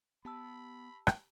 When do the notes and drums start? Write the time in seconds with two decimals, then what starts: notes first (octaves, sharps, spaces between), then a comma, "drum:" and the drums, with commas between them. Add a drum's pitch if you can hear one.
0.25 B3 G4 A5 B5 E6
1.07 drum: rim click